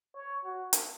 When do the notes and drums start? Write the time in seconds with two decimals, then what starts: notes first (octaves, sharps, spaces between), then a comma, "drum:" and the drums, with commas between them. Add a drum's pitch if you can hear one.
0.16 C#5
0.45 F#4
0.73 drum: hi-hat